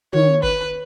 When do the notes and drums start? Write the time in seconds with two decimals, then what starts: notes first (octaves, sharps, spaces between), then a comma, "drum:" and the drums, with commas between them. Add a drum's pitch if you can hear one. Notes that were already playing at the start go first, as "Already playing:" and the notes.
0.13 D#3 C#5, drum: tom
0.43 B4, drum: kick G1